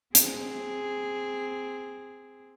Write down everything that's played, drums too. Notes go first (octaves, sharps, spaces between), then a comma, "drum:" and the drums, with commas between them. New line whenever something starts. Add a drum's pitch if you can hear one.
C4 G#4, drum: hi-hat